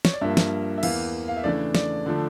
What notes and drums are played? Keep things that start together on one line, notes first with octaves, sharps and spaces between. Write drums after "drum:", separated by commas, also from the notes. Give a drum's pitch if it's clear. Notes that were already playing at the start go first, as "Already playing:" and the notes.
C#5, drum: snare
D5
G2 F3 A#3 E5
drum: snare
E5
E2 E3 A#3 F5, drum: cymbal
F5
E5
C#3 E3 A3 D4 D5
D5, drum: snare
D3 F3 A3 D4